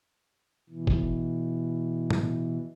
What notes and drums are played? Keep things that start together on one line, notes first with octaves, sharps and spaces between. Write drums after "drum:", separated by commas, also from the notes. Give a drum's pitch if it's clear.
B2 E3
drum: kick
drum: tom A2